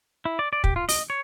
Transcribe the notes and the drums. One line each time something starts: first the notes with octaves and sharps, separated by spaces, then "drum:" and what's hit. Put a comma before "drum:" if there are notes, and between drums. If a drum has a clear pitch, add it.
E4
D5
D5
G4, drum: kick
F4
D#5, drum: open hi-hat
C#5